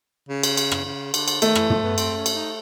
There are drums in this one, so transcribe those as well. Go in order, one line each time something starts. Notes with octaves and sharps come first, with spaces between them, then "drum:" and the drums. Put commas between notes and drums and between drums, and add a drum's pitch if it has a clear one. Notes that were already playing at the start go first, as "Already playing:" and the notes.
C#3
drum: cymbal
drum: cymbal
drum: rim click
C#3
D3, drum: cymbal
drum: cymbal
D#3 A3, drum: cymbal
E3, drum: rim click
F3, drum: tom
B3
C4, drum: cymbal
C#4
drum: cymbal
D#4